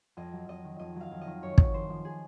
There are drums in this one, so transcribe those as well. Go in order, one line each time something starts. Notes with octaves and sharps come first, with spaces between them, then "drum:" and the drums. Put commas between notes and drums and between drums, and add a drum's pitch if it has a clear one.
F2 D#5
F#3
F2 D#5
D#3
F2 D#5
F#3 F5
F2
D#5
D#3
F#2 C#5
F#2, drum: kick
F3 C5
F3
G#4